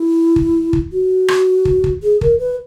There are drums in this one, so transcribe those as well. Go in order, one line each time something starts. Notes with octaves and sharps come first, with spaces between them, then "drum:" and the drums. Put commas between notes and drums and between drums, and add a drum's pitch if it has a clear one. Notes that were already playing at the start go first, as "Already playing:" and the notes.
Already playing: E4
drum: kick
drum: kick
F#4
drum: rim click
drum: kick
drum: kick
G#4
A#4, drum: kick
B4